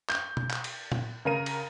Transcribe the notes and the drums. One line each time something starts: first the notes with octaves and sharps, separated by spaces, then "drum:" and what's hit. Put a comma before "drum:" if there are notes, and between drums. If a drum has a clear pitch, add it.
G6, drum: clap
drum: tom B2
drum: clap
drum: cymbal
drum: tom A#2
C#3 A#4 D#7
drum: cymbal